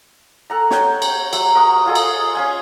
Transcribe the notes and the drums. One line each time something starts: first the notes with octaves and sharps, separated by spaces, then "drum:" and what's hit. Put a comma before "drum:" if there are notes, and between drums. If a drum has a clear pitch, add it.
A4 F#5 A#5
C#5 F#5 G5, drum: snare
drum: cymbal
F#3 E5, drum: cymbal
A#4 F#5 C#6 D#6
F4 G#4 A4 D#5
drum: cymbal
C#4 F5 G#5